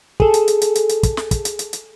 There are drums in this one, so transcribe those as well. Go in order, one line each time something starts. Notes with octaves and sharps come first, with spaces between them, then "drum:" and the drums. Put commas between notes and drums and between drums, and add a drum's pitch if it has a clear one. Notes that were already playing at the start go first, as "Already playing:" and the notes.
G#4 A4, drum: kick
drum: hi-hat
drum: hi-hat
drum: hi-hat
drum: hi-hat
drum: hi-hat
drum: kick, hi-hat
drum: snare
drum: kick, hi-hat
drum: hi-hat
drum: hi-hat
drum: hi-hat